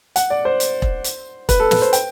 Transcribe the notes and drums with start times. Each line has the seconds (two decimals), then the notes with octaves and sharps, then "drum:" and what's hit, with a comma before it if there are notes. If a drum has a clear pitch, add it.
0.16 F#5, drum: hi-hat
0.30 D5
0.45 C5
0.60 drum: hi-hat
0.82 drum: kick E1
1.04 drum: hi-hat
1.49 B4, drum: kick E1, hi-hat
1.60 A4
1.71 B4, drum: snare
1.82 C5
1.93 G5, drum: hi-hat